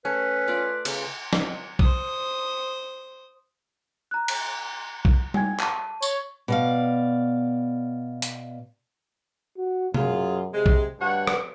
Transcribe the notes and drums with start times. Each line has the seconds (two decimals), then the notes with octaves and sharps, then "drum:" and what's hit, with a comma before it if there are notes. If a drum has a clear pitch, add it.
0.05 A3 C#4 B4
0.48 F4 D5
0.85 C#3 B4, drum: cymbal
1.33 drum: snare
1.79 C5 D#6, drum: kick A#1
4.11 A#5 F#6
4.28 drum: cymbal
5.05 drum: kick A#1
5.34 G5 G#5 G#6, drum: tom G3
5.60 A5 D#7, drum: clap
6.02 C#5, drum: tambourine
6.48 B2 D5 F5
8.22 drum: hi-hat
9.58 F#4
9.94 F#2 F4 G#4, drum: tom B2
10.53 C3 G#3
10.66 drum: kick A#1
11.00 D2 G2 C#5 F#5
11.27 drum: rim click